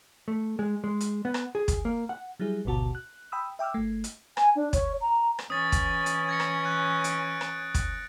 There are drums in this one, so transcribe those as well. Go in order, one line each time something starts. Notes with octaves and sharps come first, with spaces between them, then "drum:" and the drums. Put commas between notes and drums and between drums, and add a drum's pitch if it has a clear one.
A3
G#3
G#3
drum: hi-hat
B3
drum: rim click
G#4
drum: kick, hi-hat
A#3
F#5
F#3 G3 E4 G#4
G#1 D2 B2 F#4 A5
F#6
G5 B5 D#6 E6
E5 G5 D6 E6 F6
G1 A3
drum: hi-hat
G#5, drum: rim click
D4
C#5, drum: kick, hi-hat
A#5
drum: rim click
E3 C#4 D#6 A6
drum: kick, hi-hat
A6
drum: hi-hat
G#6 A#6 C#7
drum: rim click
F#6 G#6
D7, drum: hi-hat
drum: rim click
drum: kick, hi-hat